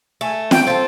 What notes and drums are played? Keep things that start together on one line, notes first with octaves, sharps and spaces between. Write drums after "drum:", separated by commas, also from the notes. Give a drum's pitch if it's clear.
A3 G#5
G5, drum: snare
C4 F4 A4